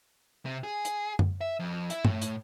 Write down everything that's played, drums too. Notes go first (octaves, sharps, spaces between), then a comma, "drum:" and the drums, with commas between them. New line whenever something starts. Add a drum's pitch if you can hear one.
C3
G#4
drum: hi-hat
drum: tom F#2
E5
F2
E4, drum: hi-hat
A2, drum: tom G2
drum: hi-hat